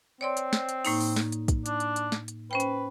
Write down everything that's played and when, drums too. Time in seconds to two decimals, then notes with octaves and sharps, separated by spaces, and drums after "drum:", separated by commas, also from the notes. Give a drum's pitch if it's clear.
0.21 C4 C#5 D5 C6
0.37 drum: hi-hat
0.53 drum: snare
0.69 drum: hi-hat
0.85 A2 A#3 D#4, drum: open hi-hat
1.01 drum: open hi-hat
1.16 drum: snare
1.32 drum: hi-hat
1.48 drum: kick, hi-hat
1.66 D4, drum: hi-hat
1.80 drum: hi-hat
1.96 drum: hi-hat
2.12 drum: snare
2.28 drum: hi-hat
2.51 C#4 B4 C5 G5
2.60 drum: hi-hat